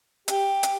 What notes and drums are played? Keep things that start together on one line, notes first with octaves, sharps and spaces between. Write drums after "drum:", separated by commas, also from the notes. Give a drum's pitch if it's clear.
G4, drum: hi-hat
drum: hi-hat